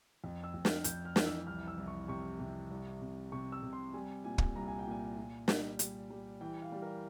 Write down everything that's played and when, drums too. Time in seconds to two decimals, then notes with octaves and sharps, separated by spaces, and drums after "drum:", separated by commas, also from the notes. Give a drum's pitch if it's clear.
0.24 F2
0.44 E6
0.54 F2
0.65 F6, drum: snare
0.84 F2 G6, drum: hi-hat
1.05 F6
1.16 E3, drum: snare
1.26 E6
1.47 C2 F6
1.68 E6
1.78 C2
1.88 C#6
2.08 C3 C#6
2.39 C3
2.70 C2
3.02 C3
3.32 C3 C#6
3.52 E6
3.62 C3
3.73 C6
3.94 G3 G#5
4.24 A#2 G#5
4.38 drum: kick
4.56 C2 A#5
4.68 G#5
4.79 G5
4.87 A#2 G#5
5.18 A#2
5.48 G3, drum: snare
5.79 G3, drum: hi-hat
6.10 G3
6.41 E3 G5
6.62 F5
6.72 G3
6.82 A#4